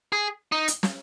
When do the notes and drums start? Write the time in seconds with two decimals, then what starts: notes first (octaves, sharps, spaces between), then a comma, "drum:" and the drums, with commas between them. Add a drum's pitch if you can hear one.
0.12 G#4
0.52 D#4
0.68 drum: hi-hat
0.83 drum: snare